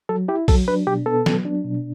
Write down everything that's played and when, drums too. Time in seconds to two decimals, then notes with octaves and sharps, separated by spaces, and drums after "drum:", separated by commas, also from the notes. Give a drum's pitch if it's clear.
0.09 F#3 A4
0.28 E4 G4
0.48 F#3 A4, drum: kick A#1, open hi-hat
0.68 D4 B4
0.87 B2 G4
1.06 B3 A4
1.26 F#3, drum: snare
1.45 D4
1.64 B2